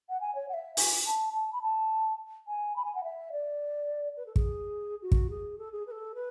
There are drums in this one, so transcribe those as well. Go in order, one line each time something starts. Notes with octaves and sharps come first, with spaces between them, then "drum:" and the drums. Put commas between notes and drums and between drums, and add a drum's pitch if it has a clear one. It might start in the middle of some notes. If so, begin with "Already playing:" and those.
F#5
G#5
C#5
F#5
E5
G#5, drum: open hi-hat
A5
A5
B5
A5
G#5
B5
G#5
F#5
E5
D5
B4
A4
G#4, drum: kick
F#4
drum: kick
G#4
A4
G#4
B4
A4
B4